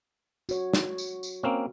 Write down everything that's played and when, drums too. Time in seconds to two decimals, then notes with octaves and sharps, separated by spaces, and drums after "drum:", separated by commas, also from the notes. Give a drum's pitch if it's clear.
0.49 F#4 C#5, drum: tambourine
0.74 drum: snare
0.98 drum: tambourine
1.23 drum: tambourine
1.43 A#3 C4 C#4